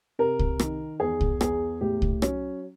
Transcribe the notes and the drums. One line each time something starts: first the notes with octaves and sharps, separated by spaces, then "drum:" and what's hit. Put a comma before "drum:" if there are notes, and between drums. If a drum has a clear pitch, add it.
C3 A#4
drum: kick C2
D#3, drum: rim click
E2 G#4
drum: kick C2
E2 G#4, drum: rim click
A2 G4
drum: kick C2
F#3 C#4, drum: rim click